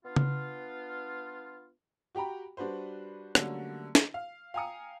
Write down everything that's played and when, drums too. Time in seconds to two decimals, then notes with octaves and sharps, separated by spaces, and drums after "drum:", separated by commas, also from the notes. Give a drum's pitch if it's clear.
0.06 B3 D4 F4
0.16 drum: tom C#3
2.15 F#4 G4 G5 A#5 B5
2.57 G3 D4 F#4 B4 C5
3.35 D3 F#3 G3 A3 A#3 C#4, drum: rim click
3.95 drum: snare
4.14 F5
4.54 F5 G5 G#5 A#5 D#6 C#7